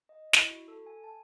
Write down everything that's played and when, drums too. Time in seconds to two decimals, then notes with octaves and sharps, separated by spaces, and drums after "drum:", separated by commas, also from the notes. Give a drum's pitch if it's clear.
0.09 D#5
0.33 E4, drum: snare
0.51 F#4
0.68 A4
0.86 G#5
1.04 A5